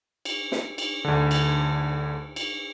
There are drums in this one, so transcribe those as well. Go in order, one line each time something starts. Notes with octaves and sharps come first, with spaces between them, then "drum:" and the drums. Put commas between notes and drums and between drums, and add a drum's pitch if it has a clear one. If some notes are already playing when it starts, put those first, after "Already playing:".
drum: cymbal
drum: snare
drum: cymbal
D2 D3
drum: cymbal
drum: cymbal